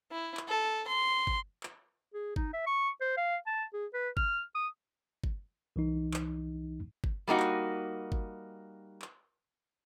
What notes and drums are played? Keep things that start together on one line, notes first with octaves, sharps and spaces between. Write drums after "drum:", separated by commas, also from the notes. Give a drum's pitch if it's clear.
E4
drum: clap
A4
C6
drum: kick
drum: clap
G#4
D#4, drum: kick
E5
C#6
C5
F5
A5
G#4
B4
F6, drum: kick
D#6
drum: kick
C2 E3 D#4
drum: clap
drum: kick
G3 A#3 D#4 F#4
drum: clap
drum: kick
drum: clap